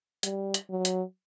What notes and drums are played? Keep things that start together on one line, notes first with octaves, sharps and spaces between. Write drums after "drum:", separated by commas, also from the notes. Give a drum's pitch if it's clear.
G3, drum: hi-hat
drum: hi-hat
F#3
drum: hi-hat